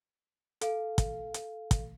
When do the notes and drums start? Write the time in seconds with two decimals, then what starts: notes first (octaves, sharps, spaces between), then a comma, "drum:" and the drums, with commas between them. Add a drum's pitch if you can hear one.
0.61 A4 F5, drum: hi-hat
0.98 drum: kick, hi-hat
1.34 drum: hi-hat
1.71 drum: kick, hi-hat